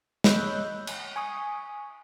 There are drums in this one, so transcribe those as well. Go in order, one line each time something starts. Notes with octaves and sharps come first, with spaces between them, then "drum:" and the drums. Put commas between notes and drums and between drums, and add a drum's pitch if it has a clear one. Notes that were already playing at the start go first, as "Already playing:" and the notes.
C#5 D#5 B5 E6 F#6 G6, drum: snare
drum: cymbal
G#5 C#6 D#6